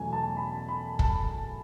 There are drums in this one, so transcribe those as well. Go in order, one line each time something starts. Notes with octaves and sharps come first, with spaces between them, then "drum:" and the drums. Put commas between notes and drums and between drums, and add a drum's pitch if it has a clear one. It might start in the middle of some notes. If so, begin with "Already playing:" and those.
Already playing: E2 B2 F#3 A3 C#4 G#5
A5
B5
B5
A5, drum: kick